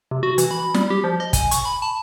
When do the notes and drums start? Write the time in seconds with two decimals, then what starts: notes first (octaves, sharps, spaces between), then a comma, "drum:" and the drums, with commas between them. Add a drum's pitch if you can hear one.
0.11 C3
0.23 F#4
0.38 E3, drum: hi-hat
0.51 B5
0.74 G3, drum: snare
0.90 G4
1.04 F3
1.20 D#5
1.33 G#5, drum: kick, hi-hat
1.51 C#6, drum: hi-hat
1.65 B5
1.82 A5